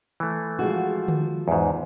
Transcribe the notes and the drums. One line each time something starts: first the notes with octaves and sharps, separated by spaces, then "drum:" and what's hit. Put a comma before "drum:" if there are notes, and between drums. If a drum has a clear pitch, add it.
E3 A3
F3 G#3 F#4
drum: tom D3
E2 G#2